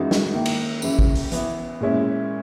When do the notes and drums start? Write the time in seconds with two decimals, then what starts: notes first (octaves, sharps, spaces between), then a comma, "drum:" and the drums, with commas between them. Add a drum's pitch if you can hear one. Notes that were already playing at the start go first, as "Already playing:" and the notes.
Already playing: F#2 E3 G#3 D#4 F#4
0.11 drum: snare
0.33 D#3 A#3 E4
0.46 drum: cymbal
0.82 F#2 C#3 E3, drum: tambourine
0.99 drum: kick
1.15 drum: open hi-hat
1.32 E3 B3 E4, drum: hi-hat
1.81 A#2 G#3 C#4 E4